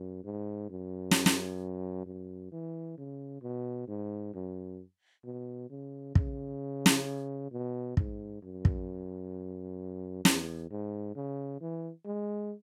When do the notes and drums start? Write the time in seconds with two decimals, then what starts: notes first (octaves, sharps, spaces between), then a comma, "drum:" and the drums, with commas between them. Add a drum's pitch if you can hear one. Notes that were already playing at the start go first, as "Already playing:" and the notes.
Already playing: F#2
0.24 G#2
0.70 F#2
1.11 drum: snare
1.26 drum: snare
2.06 F#2
2.52 E3
2.98 C#3
3.42 B2
3.88 G#2
4.34 F#2
5.24 B2
5.70 C#3
6.15 C#3, drum: kick
6.86 drum: snare
7.52 B2
7.97 G#2, drum: kick
8.42 F#2
8.65 drum: kick
10.25 E2, drum: snare
10.71 G#2
11.16 C#3
11.61 E3
12.06 G#3